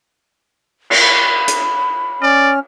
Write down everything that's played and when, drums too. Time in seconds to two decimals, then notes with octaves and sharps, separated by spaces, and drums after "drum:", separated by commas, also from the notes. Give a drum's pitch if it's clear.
0.90 drum: cymbal
1.00 B5
1.48 drum: hi-hat
2.22 C#4 D5 F6